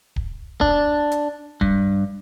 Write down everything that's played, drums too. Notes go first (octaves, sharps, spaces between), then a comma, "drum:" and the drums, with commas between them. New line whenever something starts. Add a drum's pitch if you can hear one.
drum: kick D1
D4, drum: kick D1
drum: hi-hat
G2, drum: kick D1